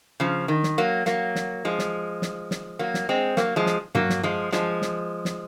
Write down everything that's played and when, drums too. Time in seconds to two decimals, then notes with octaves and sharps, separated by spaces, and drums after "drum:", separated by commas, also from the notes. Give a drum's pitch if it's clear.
0.20 C#3 F3
0.48 D#3
0.63 drum: snare
0.78 F#3 A#3
1.06 F#3 A#3, drum: snare
1.35 drum: snare
1.65 F3 G#3
1.79 drum: snare
2.22 drum: snare
2.51 drum: snare
2.79 F#3 A#3
2.94 drum: snare
3.09 G#3 C4
3.37 F#3 A#3, drum: snare
3.56 F3 G#3
3.66 drum: snare
3.95 F#3 A#3, drum: tom G2
4.10 drum: snare
4.23 F3 G#3
4.52 F3 G#3, drum: snare
4.82 drum: snare
5.25 drum: snare